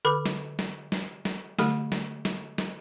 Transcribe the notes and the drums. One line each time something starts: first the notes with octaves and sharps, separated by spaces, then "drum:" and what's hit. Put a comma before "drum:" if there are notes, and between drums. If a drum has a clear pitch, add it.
D3 A4 B4 B5 D6
drum: snare
drum: snare
drum: snare
drum: snare
D3 A3 G4, drum: snare
drum: snare
drum: snare
drum: snare